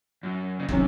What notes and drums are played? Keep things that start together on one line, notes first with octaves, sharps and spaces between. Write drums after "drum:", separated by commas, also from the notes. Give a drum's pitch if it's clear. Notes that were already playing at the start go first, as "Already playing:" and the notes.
F#2
C#3
C3 D#3 F#3 C#4, drum: kick